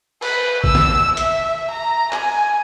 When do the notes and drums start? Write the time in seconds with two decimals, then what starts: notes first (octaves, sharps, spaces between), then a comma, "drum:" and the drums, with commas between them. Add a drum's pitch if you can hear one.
0.22 B4, drum: cymbal
0.64 E6, drum: kick A1
0.75 drum: snare
1.17 E5, drum: hi-hat
1.71 A#5
2.13 G#5, drum: clap